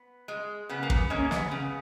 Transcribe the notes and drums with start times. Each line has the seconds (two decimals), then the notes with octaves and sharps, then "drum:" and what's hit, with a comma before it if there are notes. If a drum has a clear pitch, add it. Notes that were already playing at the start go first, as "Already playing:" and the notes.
Already playing: B3
0.28 G#3
0.69 C#3 B3
0.83 A#3
0.90 B3, drum: kick
1.10 G#3 A#3 C#4
1.31 B3, drum: snare
1.51 C#3 B3